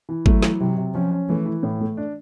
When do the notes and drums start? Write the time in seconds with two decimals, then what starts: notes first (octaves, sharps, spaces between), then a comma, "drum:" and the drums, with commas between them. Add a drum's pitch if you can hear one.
0.09 E3
0.26 F#3 A3, drum: kick G#1
0.43 E3, drum: snare
0.60 C3 F#3
0.77 C3
0.94 F3 C#4
1.11 C#4
1.29 E3 A3
1.46 E3
1.63 A2
1.80 A3
1.97 D4